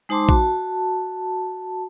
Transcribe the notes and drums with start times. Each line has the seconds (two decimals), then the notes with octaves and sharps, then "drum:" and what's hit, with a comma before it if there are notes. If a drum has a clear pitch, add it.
0.09 G#3 D#4 C5 A5 C6 D6
0.29 F#4 A5, drum: kick A#1